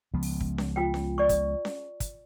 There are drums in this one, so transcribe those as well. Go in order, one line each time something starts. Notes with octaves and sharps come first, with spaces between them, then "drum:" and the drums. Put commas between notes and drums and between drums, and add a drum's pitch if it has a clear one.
C#2 F3 B3
drum: open hi-hat
drum: kick
drum: snare C#4
F4 G5
drum: snare C#4
D5 C#6
drum: kick, hi-hat
drum: snare C#4
drum: kick, hi-hat